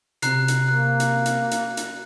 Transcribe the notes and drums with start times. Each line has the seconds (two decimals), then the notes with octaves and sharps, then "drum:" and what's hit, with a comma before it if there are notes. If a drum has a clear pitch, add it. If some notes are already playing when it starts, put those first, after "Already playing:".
0.22 C3 A#5 F#6 C7, drum: hi-hat
0.48 drum: hi-hat
0.68 A#3 F#6
1.00 drum: hi-hat
1.26 drum: hi-hat
1.51 drum: hi-hat
1.77 drum: hi-hat